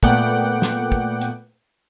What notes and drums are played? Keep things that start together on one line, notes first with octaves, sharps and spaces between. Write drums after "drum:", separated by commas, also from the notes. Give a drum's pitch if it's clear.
A#2 A3 B3 F#5 G5 D6, drum: kick, hi-hat
drum: snare
drum: kick
drum: hi-hat